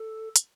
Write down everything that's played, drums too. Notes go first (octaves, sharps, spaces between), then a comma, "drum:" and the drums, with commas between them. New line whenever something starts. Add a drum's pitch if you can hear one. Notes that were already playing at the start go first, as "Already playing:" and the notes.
Already playing: A4
drum: hi-hat